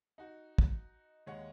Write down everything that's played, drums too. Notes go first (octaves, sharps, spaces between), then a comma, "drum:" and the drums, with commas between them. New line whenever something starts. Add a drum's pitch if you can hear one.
D#4 F#4
drum: kick
D#2 G#3 C#5 F#5